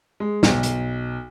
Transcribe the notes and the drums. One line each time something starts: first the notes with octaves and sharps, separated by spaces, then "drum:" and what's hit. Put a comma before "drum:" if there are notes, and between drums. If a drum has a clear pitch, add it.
G#3
B1, drum: snare
drum: hi-hat